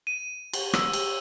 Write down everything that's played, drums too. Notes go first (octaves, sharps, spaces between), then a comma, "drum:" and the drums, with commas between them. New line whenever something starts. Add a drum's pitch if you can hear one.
D#7
drum: cymbal
E6, drum: rim click
drum: cymbal